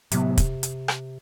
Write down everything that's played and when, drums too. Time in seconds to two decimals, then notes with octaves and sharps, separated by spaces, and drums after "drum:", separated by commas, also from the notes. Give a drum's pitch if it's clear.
0.12 A2 C3 F#3 B3, drum: hi-hat
0.37 drum: kick, hi-hat
0.63 drum: hi-hat
0.88 drum: rim click